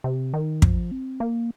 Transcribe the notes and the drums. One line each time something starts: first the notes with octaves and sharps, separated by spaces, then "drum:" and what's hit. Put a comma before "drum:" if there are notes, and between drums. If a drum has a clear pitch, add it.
C3
D#3
F3, drum: kick
C4
A#3